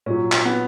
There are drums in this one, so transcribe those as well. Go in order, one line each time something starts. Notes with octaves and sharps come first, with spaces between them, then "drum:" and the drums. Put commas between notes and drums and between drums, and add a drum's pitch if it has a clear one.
A#2 F#3 C#4
drum: clap
B3